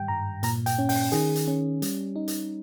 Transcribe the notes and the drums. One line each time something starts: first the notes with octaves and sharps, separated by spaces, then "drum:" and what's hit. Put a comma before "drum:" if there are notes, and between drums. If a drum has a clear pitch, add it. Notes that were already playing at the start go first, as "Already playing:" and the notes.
Already playing: G#2 D#3 G3 G5
G2 A#5
A#2 A#5, drum: hi-hat
G5, drum: hi-hat
C#4
G5, drum: open hi-hat
D#3 G#4, drum: hi-hat
drum: hi-hat
C#4
G3, drum: hi-hat
D#4
drum: hi-hat